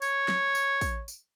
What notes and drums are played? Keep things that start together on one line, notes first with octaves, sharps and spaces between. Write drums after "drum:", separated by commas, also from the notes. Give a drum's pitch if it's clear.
C#5, drum: tambourine
drum: snare
drum: tambourine
drum: kick, tambourine
drum: tambourine